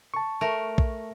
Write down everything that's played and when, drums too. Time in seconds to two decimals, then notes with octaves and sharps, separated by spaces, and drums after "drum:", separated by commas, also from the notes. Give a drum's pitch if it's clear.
0.14 A5 C#6
0.41 A3 A#4
0.78 drum: kick